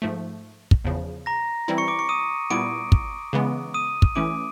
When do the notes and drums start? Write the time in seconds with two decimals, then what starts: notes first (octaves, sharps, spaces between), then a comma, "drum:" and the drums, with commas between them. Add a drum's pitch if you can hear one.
0.02 G#2 F3 A3
0.71 drum: kick
0.85 E2 C#3 F3
1.26 A#5 A#6
1.68 E3 G3 C4 E4
1.78 C#6 C#7
1.88 D6 D7
1.99 C#6 C#7
2.09 D#6 D#7
2.50 A#2 G3 B3 E4 D6 D7
2.92 drum: kick
3.33 C#3 E3 G#3 B3
3.74 D#6 D#7
4.02 drum: kick
4.15 E3 A3 C#4 E4 D6 D7